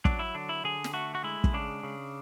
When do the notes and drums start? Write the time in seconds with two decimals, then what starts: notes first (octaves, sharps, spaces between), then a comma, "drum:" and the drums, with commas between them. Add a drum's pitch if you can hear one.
0.05 F#3 D4, drum: kick
0.19 E4
0.35 D3 D4
0.49 E4
0.64 D3 G#4
0.84 drum: snare
0.94 A3 F#4
1.15 F#4
1.24 G#3 E4
1.44 drum: kick
1.53 C#3 D4
1.83 C#3